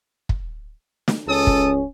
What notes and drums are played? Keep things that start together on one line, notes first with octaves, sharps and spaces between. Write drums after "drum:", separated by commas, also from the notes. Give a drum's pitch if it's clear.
drum: kick
drum: snare
C#2 C#4 A4 A5 D#6
drum: kick